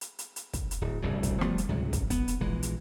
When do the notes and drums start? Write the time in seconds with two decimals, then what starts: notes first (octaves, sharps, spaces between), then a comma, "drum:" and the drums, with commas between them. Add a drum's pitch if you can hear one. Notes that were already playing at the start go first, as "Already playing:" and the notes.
0.01 drum: hi-hat
0.19 drum: hi-hat
0.36 drum: hi-hat
0.53 drum: kick, hi-hat
0.71 drum: hi-hat
0.81 D1
1.02 D1 C2 G2 C#3
1.23 drum: kick, hi-hat
1.41 F3 G3 A3 B3, drum: rim click
1.58 drum: hi-hat
1.69 C#2 G#2 C3 F#3
1.93 drum: kick, hi-hat
2.10 B3, drum: kick, hi-hat
2.28 drum: hi-hat
2.40 A#1 E3 G#3
2.63 drum: hi-hat